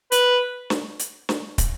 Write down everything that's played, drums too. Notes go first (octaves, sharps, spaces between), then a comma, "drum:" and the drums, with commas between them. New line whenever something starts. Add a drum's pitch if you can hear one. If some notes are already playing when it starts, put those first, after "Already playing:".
B4, drum: hi-hat
drum: snare
drum: hi-hat
drum: snare
drum: kick, hi-hat